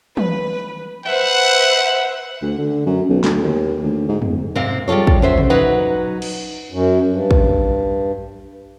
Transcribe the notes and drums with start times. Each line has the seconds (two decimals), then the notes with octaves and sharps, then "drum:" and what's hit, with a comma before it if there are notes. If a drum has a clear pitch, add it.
0.17 B4, drum: tom
1.05 B4 C5 E5 F#5
2.42 D2
2.58 D3
2.86 F#2
3.09 B1
3.24 D2, drum: snare
3.42 D#2
3.83 D2
4.08 G#2
4.22 D1, drum: tom
4.55 G#2 C3 C4 F5
4.88 G3 G#3 F4 A4 C#5
5.07 drum: kick
5.22 F#2 C5 E5
5.38 drum: tom
5.50 F#3 D#4 B4 F#5
6.22 drum: cymbal
6.71 F#2
7.10 G2
7.31 drum: kick